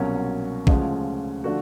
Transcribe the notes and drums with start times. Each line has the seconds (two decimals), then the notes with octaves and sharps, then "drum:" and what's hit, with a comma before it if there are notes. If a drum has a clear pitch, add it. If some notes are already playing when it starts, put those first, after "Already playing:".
Already playing: C2 B2 F#3 A#3 C#4
0.67 D2 C#3 F3 G#3 C#4, drum: kick
1.44 D3 F3 A3 D4 F#4